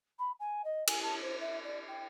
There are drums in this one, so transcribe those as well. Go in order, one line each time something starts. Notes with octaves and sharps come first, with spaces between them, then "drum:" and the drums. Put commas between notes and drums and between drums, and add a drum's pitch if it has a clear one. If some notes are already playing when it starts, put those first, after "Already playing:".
B5
G#5
D#5
G#5, drum: cymbal
A5
C5
E5
D5
G5